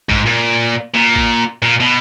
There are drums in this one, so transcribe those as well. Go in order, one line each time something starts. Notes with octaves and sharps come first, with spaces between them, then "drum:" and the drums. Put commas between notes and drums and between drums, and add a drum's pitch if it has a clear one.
G#2, drum: kick A1
A#2
A#2
drum: kick A1
A#2
B2